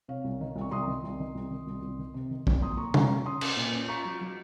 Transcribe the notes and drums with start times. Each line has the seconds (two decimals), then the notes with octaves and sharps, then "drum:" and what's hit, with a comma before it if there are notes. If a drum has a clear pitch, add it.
0.08 C3 C#5 F5
0.24 C2
0.41 D#3
0.56 C2
0.61 C#6
0.71 C2 C6 D#6
0.87 D#3
1.04 C2
1.20 D#3
1.35 C2
1.51 D#3
1.67 C2
1.82 C2
1.99 D#3
2.14 C3
2.31 D#3
2.47 C2, drum: kick
2.61 A#2 C6 D#6
2.77 A#2 A#5 C#6
2.94 C#4 A#5 C#6, drum: tom C3
3.09 C#4
3.26 C#4 C6 D#6
3.41 C#4, drum: cymbal
3.57 A#2
3.74 C#4
3.88 F4 A#5 C#6
4.05 F#3
4.21 F#3